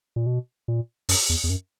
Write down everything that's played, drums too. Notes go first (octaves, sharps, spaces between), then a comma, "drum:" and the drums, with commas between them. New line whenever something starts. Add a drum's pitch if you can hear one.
A#2
B2
A#2
F#2, drum: open hi-hat
E2
E2
F#2